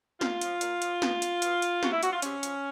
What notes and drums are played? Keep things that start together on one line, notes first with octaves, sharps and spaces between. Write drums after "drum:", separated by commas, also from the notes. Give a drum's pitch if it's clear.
A#2 F4, drum: snare
F3, drum: hi-hat
A#2, drum: hi-hat
F3, drum: hi-hat
B2, drum: snare
drum: hi-hat
B2, drum: hi-hat
drum: hi-hat
C3 F#4, drum: snare
E4
F3 F#4, drum: hi-hat
F4
C3 C#4, drum: hi-hat
F3, drum: hi-hat